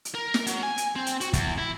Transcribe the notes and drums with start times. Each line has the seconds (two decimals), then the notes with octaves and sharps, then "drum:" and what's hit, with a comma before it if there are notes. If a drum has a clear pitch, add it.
0.05 drum: hi-hat
0.15 A#4
0.34 drum: snare
0.47 F#3, drum: hi-hat
0.63 G#5
0.78 drum: hi-hat
0.96 C4
1.06 drum: hi-hat
1.21 F#4, drum: hi-hat
1.33 E2, drum: kick, hi-hat
1.58 E4